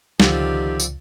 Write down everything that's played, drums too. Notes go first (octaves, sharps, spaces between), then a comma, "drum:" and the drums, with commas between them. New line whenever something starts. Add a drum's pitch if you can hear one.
C#2 D3 D#3 F3 C4 G4, drum: snare
drum: tambourine